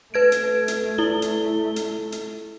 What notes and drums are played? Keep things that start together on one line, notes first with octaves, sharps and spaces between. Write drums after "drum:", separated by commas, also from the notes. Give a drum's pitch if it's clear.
A3 B4 G#6 D7
drum: hi-hat
drum: hi-hat
E4 G7
drum: hi-hat
drum: hi-hat
drum: hi-hat